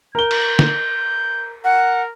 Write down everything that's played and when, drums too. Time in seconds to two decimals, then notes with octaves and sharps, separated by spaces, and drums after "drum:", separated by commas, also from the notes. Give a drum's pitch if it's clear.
0.15 A#4 G6 G7
0.31 drum: cymbal
0.59 drum: snare
1.64 A#4 F#5